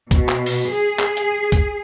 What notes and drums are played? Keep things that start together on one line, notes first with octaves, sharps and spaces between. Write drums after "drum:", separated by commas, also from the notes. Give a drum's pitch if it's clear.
B2, drum: kick, hi-hat
drum: clap
drum: open hi-hat
G#4
drum: clap
drum: hi-hat
drum: kick, hi-hat